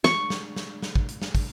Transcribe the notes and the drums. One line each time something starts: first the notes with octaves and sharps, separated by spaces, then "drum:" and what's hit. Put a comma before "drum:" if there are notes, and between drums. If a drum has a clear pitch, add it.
C#6, drum: snare
drum: snare
drum: snare
drum: snare
drum: kick
drum: hi-hat
drum: snare
drum: kick, open hi-hat